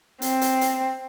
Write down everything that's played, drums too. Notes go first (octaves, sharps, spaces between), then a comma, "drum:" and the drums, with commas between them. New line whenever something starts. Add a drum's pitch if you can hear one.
C4, drum: hi-hat
drum: hi-hat
drum: hi-hat